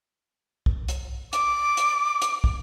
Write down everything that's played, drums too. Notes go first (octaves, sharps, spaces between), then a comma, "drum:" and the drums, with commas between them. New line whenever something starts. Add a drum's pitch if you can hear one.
drum: kick
drum: hi-hat
D6, drum: hi-hat
drum: hi-hat
drum: hi-hat
drum: kick